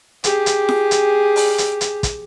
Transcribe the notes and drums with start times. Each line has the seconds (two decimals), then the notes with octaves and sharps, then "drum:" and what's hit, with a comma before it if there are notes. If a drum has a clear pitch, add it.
0.24 G4 G#4, drum: hi-hat
0.46 drum: hi-hat
0.69 drum: snare F4
0.91 drum: hi-hat
1.36 drum: open hi-hat
1.58 drum: hi-hat
1.81 drum: hi-hat
2.03 drum: kick, hi-hat